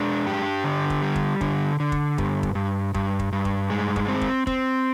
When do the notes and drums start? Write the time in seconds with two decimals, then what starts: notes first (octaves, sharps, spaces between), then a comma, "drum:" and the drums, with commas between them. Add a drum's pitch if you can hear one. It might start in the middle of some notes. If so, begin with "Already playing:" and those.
Already playing: G#3 D4
0.27 G4
0.64 D3
0.90 drum: kick
1.02 G3
1.16 drum: kick
1.41 D3, drum: kick
1.80 D3
1.92 drum: kick
2.18 G2, drum: kick
2.43 drum: kick
2.55 G2
2.94 G2, drum: kick
3.19 drum: kick
3.33 G2
3.45 drum: kick
3.70 G#3
3.96 drum: kick
4.08 C4
4.21 drum: kick
4.47 C4, drum: kick